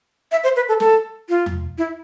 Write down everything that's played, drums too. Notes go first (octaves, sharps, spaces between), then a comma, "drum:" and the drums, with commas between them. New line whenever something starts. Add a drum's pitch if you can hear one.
E5
C5
B4
A4
A4, drum: snare
F4
drum: tom E2
E4